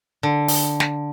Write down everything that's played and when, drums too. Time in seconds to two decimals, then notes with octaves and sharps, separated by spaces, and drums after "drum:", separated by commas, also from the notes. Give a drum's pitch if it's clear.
0.23 D3
0.48 drum: open hi-hat
0.80 drum: snare